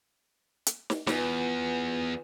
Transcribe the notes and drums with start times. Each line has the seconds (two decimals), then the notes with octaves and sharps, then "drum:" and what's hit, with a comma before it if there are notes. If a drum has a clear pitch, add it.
0.67 drum: hi-hat
0.90 drum: snare
1.07 E2 F4 B4 G#5, drum: snare